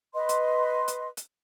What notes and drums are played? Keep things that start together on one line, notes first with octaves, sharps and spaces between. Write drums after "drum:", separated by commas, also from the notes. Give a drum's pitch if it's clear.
B4 D#5 C6
drum: hi-hat
drum: hi-hat
drum: hi-hat